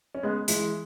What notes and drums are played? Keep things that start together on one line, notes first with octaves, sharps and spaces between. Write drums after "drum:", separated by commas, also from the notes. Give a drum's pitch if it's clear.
C#4
G#3 B3
E3 G#3, drum: hi-hat